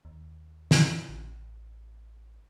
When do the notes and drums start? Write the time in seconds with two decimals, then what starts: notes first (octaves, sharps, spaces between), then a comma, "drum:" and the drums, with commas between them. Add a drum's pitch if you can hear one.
0.05 D#2
0.71 drum: snare
1.09 A1